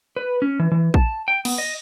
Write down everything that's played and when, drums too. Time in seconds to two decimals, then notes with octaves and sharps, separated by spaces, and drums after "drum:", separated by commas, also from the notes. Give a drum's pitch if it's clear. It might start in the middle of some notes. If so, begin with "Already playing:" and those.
0.16 B4
0.42 C#4
0.59 E3
0.72 E3
0.94 A5, drum: kick
1.28 G5
1.45 B3, drum: cymbal
1.58 D#5